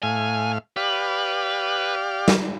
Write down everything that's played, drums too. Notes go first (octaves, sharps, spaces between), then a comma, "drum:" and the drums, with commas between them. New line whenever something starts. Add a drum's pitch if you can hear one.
A2 F5 G#5
G4 B4 D5 F5
drum: snare